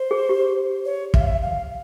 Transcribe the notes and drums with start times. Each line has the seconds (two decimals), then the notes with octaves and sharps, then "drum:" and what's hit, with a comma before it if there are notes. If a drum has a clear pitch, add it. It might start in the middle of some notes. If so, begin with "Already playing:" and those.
Already playing: C5
0.11 G#4
0.29 G4
0.85 C#5
1.14 E5, drum: kick
1.21 F5
1.27 E5
1.42 F5